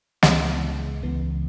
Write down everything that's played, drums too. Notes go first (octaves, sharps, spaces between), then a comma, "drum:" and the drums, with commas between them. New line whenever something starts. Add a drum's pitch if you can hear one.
C#2 C#3 E3 G#3 B3, drum: snare
C#2 C#3 E3 G#3 B3